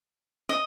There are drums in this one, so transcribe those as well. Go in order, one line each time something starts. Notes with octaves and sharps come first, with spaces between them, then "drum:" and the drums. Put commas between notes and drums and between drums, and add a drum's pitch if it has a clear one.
D#5, drum: snare